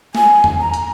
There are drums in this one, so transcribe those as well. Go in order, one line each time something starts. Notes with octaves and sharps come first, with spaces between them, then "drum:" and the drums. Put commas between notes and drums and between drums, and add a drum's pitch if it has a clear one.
G#5, drum: snare
drum: tom E2
A#5
drum: hi-hat